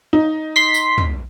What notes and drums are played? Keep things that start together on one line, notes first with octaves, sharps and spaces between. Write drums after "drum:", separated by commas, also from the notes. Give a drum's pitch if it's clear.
D#4
C6 B6
drum: tambourine
drum: tom